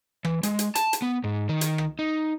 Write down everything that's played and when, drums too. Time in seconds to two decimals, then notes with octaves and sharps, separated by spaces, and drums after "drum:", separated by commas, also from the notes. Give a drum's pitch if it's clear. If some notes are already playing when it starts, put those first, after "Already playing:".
0.25 E3, drum: rim click
0.43 G#3, drum: hi-hat
0.59 drum: hi-hat
0.75 A5, drum: hi-hat
0.93 drum: hi-hat
1.02 B3
1.24 G#2
1.49 D#3
1.61 drum: hi-hat
1.78 drum: rim click
1.99 D#4